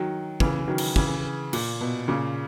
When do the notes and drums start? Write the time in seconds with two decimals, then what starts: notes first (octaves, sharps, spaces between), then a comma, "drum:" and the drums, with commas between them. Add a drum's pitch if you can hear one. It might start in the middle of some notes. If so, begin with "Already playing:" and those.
Already playing: D#3 F#3
0.40 C#3 E3, drum: kick
0.68 D#3 F#3
0.78 drum: cymbal
0.96 C#3 E3, drum: kick
1.53 A#2, drum: cymbal
1.81 B2
2.08 A#2 C#3